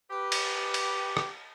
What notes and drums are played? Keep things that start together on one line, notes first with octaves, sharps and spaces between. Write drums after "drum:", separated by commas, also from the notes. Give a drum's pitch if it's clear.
G4 B4
drum: cymbal
drum: cymbal
drum: rim click